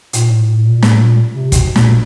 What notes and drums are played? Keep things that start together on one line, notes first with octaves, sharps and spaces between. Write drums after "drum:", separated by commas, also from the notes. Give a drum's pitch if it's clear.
A#2, drum: hi-hat
A2
A2
A#2
A#2
A2, drum: snare
A#2
C3
B2, drum: kick, hi-hat
A#2, drum: snare